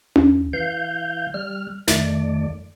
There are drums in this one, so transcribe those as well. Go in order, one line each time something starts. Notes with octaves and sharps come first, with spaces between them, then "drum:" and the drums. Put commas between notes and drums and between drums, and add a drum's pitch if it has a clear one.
E2, drum: tom C#4
E3 F5 G6
G3 F6
F2 D#3 A3 D5, drum: snare